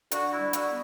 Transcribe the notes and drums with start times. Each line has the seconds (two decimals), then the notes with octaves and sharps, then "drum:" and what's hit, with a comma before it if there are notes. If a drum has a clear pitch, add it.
0.11 D3 F#4, drum: hi-hat
0.32 E4
0.40 G3
0.53 F#4, drum: hi-hat
0.66 B3